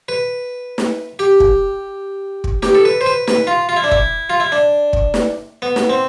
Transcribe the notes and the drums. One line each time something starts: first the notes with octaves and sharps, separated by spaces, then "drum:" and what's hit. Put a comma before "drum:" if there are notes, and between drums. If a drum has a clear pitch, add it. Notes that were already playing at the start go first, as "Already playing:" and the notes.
B4
drum: snare
G4
drum: kick
drum: kick
G4, drum: snare
A4
B4
C5
B4
B4, drum: snare
F4
F4
E4
D4
E4, drum: kick
F4
E4
D4
drum: kick
drum: snare
B3
drum: snare
C4